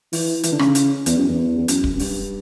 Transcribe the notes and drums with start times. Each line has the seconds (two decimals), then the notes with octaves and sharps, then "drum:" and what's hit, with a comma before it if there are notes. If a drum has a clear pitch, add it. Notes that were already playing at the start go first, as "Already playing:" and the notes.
0.13 E3, drum: open hi-hat
0.43 E3, drum: hi-hat
0.52 D3
0.59 C#3, drum: rim click
0.75 drum: hi-hat
1.06 E2, drum: hi-hat
1.18 F#2
1.29 E2
1.58 E2
1.68 F#2, drum: hi-hat
1.84 drum: kick
1.95 F#2
1.99 G2, drum: open hi-hat